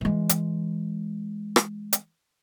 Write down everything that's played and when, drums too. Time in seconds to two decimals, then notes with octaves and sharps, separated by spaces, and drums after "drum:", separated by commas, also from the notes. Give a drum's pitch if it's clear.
0.01 E3 G#3
0.29 drum: hi-hat
1.56 drum: rim click
1.93 drum: hi-hat